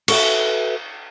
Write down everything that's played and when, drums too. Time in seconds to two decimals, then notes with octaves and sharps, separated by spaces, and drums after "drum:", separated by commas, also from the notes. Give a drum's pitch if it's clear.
0.08 F#4 A4 B4 E5, drum: cymbal